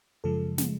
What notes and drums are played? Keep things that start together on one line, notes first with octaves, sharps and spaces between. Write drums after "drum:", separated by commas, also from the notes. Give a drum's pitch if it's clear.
F#2 C#3 F3 G#3 A4
C#3 F3 G#3, drum: snare